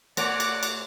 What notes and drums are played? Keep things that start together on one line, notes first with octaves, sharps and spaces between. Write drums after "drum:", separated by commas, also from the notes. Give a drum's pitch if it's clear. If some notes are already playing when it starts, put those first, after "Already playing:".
A#2 A3 C#5 D5 F#5, drum: cymbal
drum: cymbal
drum: cymbal